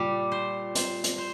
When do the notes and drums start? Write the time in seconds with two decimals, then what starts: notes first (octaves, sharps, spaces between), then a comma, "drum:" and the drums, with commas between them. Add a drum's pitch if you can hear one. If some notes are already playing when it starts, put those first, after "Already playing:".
Already playing: A#2 G3
0.32 C5
0.75 C5, drum: hi-hat
1.04 drum: hi-hat
1.18 C5